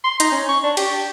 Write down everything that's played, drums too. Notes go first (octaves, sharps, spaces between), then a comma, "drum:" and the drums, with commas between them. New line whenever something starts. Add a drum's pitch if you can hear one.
C6
D#4, drum: hi-hat
C#4
C#6
D4
G4, drum: cymbal